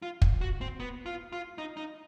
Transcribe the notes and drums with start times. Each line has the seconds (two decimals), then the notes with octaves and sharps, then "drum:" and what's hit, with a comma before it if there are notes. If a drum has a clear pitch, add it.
0.02 F4
0.22 drum: kick
0.41 F#4
0.61 C4
0.80 B3
1.06 F4
1.32 F4
1.58 D#4
1.77 D#4